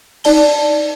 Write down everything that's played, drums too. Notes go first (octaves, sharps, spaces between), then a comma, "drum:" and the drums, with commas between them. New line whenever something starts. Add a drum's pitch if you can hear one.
D#4 D5 A5 G7, drum: open hi-hat